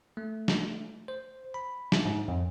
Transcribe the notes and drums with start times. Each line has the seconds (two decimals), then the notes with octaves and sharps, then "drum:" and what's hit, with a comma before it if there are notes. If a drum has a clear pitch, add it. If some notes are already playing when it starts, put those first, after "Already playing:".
0.17 A3
0.48 drum: snare
1.08 C5
1.54 B5
1.92 drum: snare
2.05 G#2
2.28 F2